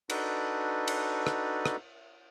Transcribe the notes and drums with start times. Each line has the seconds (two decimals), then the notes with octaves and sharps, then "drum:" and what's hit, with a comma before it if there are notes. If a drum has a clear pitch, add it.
0.10 D4 D#4 F#4 A4 B4, drum: cymbal
0.88 drum: cymbal
1.27 drum: rim click
1.66 drum: rim click